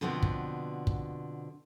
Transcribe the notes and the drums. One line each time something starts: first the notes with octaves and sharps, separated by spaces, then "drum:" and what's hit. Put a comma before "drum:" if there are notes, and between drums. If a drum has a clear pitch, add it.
B2 D3 F3 B3 C4
drum: kick
drum: kick